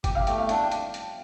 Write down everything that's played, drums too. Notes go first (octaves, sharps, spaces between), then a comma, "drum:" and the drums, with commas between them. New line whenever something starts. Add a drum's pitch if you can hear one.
G4 G5, drum: kick G1, hi-hat
F5
A3 G5, drum: hi-hat
F5
D4 G5, drum: hi-hat
drum: hi-hat
drum: hi-hat